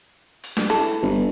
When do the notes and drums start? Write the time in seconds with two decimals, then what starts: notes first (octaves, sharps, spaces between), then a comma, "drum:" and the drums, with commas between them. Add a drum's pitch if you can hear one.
0.43 drum: hi-hat
0.57 drum: snare D4
0.70 E3 A4, drum: hi-hat
1.02 G1